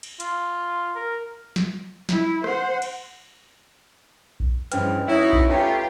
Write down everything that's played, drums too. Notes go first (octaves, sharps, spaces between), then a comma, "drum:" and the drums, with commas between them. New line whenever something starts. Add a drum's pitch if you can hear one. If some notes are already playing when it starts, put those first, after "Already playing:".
drum: cymbal
F4, drum: hi-hat
A#4
drum: snare
E4, drum: snare
C5 F#5, drum: rim click
drum: cymbal
drum: kick A#1
G2 E3 F3 G#3 C#4 B4 G5 F6, drum: hi-hat
D#4 E4 F#4 C#5 E5
drum: kick A#1
A3 C#4 F4 G4 B4 A#5